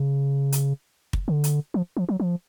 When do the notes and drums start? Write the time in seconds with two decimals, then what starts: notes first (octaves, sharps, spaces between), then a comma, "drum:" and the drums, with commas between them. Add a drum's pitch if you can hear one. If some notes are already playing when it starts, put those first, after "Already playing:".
Already playing: C#3
0.52 drum: hi-hat
1.13 drum: kick
1.28 D3
1.44 drum: hi-hat
1.74 F3
1.97 F3
2.09 F#3
2.20 F3